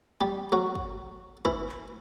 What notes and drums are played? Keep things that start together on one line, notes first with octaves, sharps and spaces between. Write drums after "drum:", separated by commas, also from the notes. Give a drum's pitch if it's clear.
G3 G4
F#3 F#4
drum: kick
E3 E4, drum: kick
drum: clap